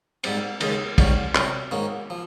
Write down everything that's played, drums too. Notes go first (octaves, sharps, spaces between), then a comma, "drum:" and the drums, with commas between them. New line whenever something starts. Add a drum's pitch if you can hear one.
G#2 G3 C4, drum: cymbal
D#2 C#3 G#3, drum: cymbal
G#2 G3 C#4, drum: kick, cymbal
C3 G3 C#4, drum: clap
G#2 D#3 A#3 C#4
F3